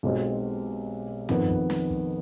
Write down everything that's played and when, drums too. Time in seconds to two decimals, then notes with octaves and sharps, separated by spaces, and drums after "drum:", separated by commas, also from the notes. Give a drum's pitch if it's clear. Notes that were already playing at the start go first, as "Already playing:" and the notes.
0.03 B1 B2 G#3 C4 G4
1.29 F2 D#3 B3, drum: tom
1.49 drum: kick
1.70 drum: snare
1.90 drum: kick